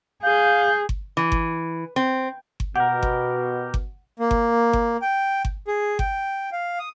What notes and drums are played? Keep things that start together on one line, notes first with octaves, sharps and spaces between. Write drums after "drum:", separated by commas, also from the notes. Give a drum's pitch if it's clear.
G#4 F5 G6
drum: kick G1
E3
drum: kick G1
C4
drum: kick G1
B2 G4 A#4 F#5
drum: kick G1
drum: kick G1
A#3
drum: kick G1
drum: kick G1
G5
drum: kick G1
G#4
G5, drum: kick G1
F5
D#6